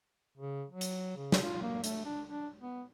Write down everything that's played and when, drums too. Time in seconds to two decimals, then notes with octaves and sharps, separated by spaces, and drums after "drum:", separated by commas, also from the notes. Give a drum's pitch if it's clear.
0.38 C#3
0.70 F#3
0.81 drum: hi-hat
1.16 C#3
1.32 drum: snare
1.43 F4
1.62 A#3
1.84 A3, drum: hi-hat
2.05 D4
2.29 D4
2.61 B3